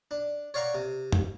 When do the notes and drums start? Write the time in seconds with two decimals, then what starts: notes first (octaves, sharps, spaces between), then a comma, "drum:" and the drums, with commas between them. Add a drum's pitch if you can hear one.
0.11 D4
0.54 C#5 D5 F5 F#5 A#5 C#6
0.75 C3
1.12 drum: tom F#2